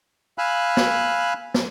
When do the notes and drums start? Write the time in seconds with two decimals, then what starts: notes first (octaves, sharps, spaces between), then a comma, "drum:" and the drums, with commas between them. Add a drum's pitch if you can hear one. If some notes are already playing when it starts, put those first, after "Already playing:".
0.38 F5 G#5 B5 E6 F#6
0.77 drum: snare
1.54 drum: snare